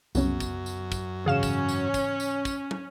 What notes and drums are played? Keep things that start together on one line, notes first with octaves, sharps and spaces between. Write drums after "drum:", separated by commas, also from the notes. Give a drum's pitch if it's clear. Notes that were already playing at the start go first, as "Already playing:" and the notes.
C2 F#2 C#3 F#3 B3, drum: tambourine
drum: kick, tambourine
drum: tambourine
drum: kick, tambourine
G#2 C#3 E3 C#4 G#4 F5 E7
drum: kick, tambourine
drum: tambourine
drum: kick, tambourine
drum: tambourine
drum: kick, tambourine
drum: tom